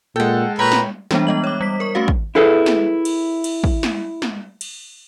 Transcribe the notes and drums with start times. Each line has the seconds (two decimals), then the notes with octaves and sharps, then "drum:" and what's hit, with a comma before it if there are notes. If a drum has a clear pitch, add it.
0.16 A#2 G#3 A4 F#5 G5
0.59 A#2 B4 C#5 G5 A#5 B5
0.72 drum: snare
1.11 E3 G3 G#3 B3 D4, drum: snare
1.27 B3 D#5 F#7
1.44 C#5 D6
1.61 G3 B6
1.80 A#4 C#6
1.95 A3 C#4 F#4 F5
2.08 drum: kick
2.35 E4 G#4 A4 B4
2.66 drum: snare
3.05 drum: cymbal
3.44 drum: cymbal
3.64 drum: kick
3.83 drum: snare
4.22 drum: snare
4.61 drum: cymbal